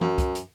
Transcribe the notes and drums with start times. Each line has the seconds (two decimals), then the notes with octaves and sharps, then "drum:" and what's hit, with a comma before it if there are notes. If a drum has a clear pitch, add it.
0.01 F#2, drum: tom
0.18 drum: kick, hi-hat
0.35 drum: hi-hat